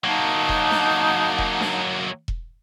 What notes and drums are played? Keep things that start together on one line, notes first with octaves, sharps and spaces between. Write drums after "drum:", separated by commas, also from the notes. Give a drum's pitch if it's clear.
F#3 A#3 D#4 F#5 A5
drum: kick E1
drum: snare D4
drum: kick E1
drum: snare D4
drum: kick E1